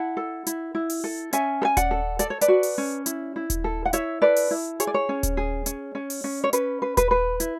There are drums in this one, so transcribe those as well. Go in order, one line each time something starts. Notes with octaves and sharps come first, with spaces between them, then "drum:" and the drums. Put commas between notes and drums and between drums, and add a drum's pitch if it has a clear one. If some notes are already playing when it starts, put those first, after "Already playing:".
Already playing: E4 F#5 A5
A4
E4, drum: hi-hat
E4
drum: open hi-hat
A4
C#4 E5 G#5, drum: hi-hat
A4
G#5
D5 F#5, drum: kick D#1, hi-hat
A4
A4 D5, drum: hi-hat
C#5
B4 D5, drum: hi-hat
F#4
drum: open hi-hat
C#4
E4, drum: hi-hat
E4
drum: kick D#1, hi-hat
A4
F#5
E4 C#5 E5, drum: hi-hat
A4 B4 D5
drum: open hi-hat
E4
G#4 C#5, drum: hi-hat
D5
C#5
C#4
drum: kick D#1, hi-hat
G#4
C#4, drum: hi-hat
C#4
drum: open hi-hat
C#4
C#5
C#4 B4, drum: hi-hat
B4
B4, drum: kick D#1, hi-hat
B4
E4, drum: hi-hat